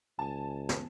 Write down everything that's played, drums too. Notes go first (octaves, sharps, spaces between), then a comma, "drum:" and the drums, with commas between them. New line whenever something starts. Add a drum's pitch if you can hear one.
C#2 G#5 A5
drum: snare